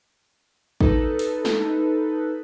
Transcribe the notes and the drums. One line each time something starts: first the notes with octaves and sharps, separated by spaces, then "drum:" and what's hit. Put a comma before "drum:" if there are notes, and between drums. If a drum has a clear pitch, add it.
D#4 A4 B4, drum: kick
drum: hi-hat
drum: snare